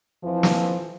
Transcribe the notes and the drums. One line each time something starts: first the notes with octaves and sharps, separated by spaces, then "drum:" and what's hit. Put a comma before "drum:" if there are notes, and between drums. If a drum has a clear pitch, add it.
F2 E3 F3
drum: snare